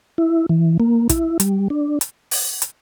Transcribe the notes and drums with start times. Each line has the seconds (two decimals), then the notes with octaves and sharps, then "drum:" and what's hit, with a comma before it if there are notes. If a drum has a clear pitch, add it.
0.18 E4
0.49 E3
0.80 A#3
1.09 E4, drum: kick, hi-hat
1.40 G3, drum: hi-hat
1.70 D4
2.01 drum: hi-hat
2.31 drum: open hi-hat
2.62 drum: hi-hat